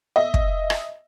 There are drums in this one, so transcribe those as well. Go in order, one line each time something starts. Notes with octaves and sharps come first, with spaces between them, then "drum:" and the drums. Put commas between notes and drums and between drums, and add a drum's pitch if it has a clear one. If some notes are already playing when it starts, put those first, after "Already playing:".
D#5 E5
drum: kick
drum: rim click